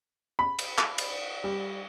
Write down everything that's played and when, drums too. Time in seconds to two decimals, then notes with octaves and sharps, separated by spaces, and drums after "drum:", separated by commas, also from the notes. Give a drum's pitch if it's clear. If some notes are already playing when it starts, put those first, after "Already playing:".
0.39 B5
0.59 drum: cymbal
0.78 drum: clap
0.98 drum: cymbal
1.44 G3